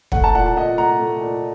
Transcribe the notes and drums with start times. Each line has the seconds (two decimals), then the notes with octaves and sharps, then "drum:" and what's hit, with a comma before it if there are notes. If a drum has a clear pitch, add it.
0.12 A3 F#5, drum: kick
0.24 A5
0.34 A#2 F#5
0.46 A5
0.56 A#2 D#5 F#5
0.78 A3 F#5 A#5
1.00 A3
1.22 A#2